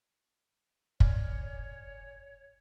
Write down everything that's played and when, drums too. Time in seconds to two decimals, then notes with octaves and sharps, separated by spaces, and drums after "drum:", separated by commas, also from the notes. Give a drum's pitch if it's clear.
1.00 C#5 D5 G#5 F6, drum: kick